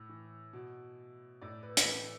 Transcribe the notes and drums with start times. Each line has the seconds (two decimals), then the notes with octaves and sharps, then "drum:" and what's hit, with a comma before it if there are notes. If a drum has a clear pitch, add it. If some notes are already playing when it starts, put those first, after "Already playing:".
Already playing: A2
0.09 E3
0.53 B2
1.41 A2 D5
1.63 B4
1.77 B4, drum: hi-hat
1.85 E3 A4